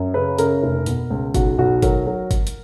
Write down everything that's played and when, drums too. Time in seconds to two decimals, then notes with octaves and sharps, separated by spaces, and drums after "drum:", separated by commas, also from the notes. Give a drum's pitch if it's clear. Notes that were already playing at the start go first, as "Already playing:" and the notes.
Already playing: F#2
0.14 C#3 B4
0.38 C#3 A#4, drum: hi-hat
0.63 F1
0.86 B2, drum: hi-hat
1.10 C#2
1.34 B1 F#4, drum: kick G1, hi-hat
1.58 B1 F#4
1.82 F#3 A#4, drum: kick G1, hi-hat
2.07 F#3
2.31 drum: kick G1, hi-hat
2.47 drum: hi-hat